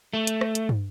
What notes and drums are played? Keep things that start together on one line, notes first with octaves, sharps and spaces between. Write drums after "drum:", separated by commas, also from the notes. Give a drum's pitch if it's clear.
A3
drum: hi-hat
drum: rim click
drum: hi-hat
drum: tom